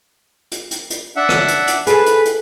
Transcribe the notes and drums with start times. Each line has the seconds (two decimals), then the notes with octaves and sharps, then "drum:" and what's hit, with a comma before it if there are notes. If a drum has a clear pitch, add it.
0.52 drum: hi-hat
0.71 drum: hi-hat
0.90 drum: hi-hat
1.16 D4 E5 F#5
1.29 drum: rim click
1.48 drum: hi-hat
1.67 drum: hi-hat
1.87 G#4 A4 B4, drum: hi-hat
2.06 drum: hi-hat
2.25 drum: hi-hat